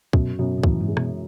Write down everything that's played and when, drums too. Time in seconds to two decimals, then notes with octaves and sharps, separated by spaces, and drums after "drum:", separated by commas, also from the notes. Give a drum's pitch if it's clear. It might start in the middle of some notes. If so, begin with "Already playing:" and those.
0.13 F#2 B2, drum: kick
0.39 F#2 B2
0.58 B2
0.64 A2 E3, drum: kick
0.80 G#2
0.88 G#3
0.97 B2, drum: rim click